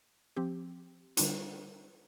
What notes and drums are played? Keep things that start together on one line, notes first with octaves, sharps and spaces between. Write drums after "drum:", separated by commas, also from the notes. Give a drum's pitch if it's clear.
F3 C4 G4
D3 G3 D4 F4, drum: hi-hat